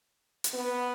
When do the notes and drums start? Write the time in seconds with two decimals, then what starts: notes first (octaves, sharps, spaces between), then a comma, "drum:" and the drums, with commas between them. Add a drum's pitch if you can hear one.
0.44 drum: hi-hat
0.53 B3